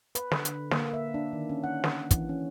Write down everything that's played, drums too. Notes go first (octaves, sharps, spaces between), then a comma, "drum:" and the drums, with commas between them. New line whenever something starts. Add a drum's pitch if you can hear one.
B4, drum: hi-hat
D3, drum: snare
drum: hi-hat
A#3, drum: snare
E5
D4
D#3
C#4
F#5
drum: snare
E3, drum: kick, hi-hat
C#4